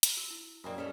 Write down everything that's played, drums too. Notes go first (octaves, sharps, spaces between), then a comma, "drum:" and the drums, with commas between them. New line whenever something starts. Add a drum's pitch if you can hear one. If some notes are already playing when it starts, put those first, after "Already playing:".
drum: hi-hat
F#4 E6
E4
F#2 A#3 C4 D5 D#5 G#5 B5
G3 C#4 A4 D5 D#5